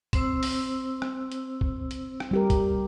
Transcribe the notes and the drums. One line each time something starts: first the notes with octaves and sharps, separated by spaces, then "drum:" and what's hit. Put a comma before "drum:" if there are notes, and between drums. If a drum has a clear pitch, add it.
C4 C5 E6, drum: kick C2, hi-hat
drum: open hi-hat
drum: rim click
drum: hi-hat
drum: kick C2
drum: hi-hat
drum: rim click
G3 G4 A#4
drum: kick C2, hi-hat